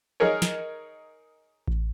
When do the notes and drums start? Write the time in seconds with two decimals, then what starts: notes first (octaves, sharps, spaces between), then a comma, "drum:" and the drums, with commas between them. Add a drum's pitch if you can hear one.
0.20 D#4 G#4 A#4 C#5
0.42 drum: snare
1.68 drum: kick A1